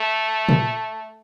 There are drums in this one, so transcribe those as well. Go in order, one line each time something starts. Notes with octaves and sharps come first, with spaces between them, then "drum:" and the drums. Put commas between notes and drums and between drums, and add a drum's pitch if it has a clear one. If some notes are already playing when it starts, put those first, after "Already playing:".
Already playing: A3
drum: tom A#2